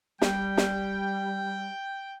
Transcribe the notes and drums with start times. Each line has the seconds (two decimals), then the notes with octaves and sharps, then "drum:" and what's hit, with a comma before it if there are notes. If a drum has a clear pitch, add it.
0.22 G3 G5, drum: snare
0.57 drum: snare